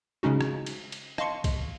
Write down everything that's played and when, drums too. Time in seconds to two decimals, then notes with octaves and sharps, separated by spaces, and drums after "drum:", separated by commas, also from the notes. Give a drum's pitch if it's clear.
0.23 C#3 G#3 C#4 D#4 F#4
0.41 drum: rim click
0.66 drum: cymbal
0.92 drum: cymbal
1.18 D#5 F5 A5 C6 C#6 C#7, drum: rim click
1.44 drum: kick, cymbal